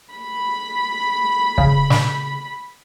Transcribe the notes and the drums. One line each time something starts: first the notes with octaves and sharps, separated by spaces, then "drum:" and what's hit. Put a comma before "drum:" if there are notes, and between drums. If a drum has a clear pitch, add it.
B5
C#3, drum: kick
drum: snare